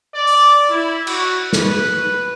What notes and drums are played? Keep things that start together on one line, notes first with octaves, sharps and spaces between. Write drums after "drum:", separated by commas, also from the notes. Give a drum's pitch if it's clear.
D5
drum: open hi-hat
E4
F#4, drum: cymbal
B4, drum: snare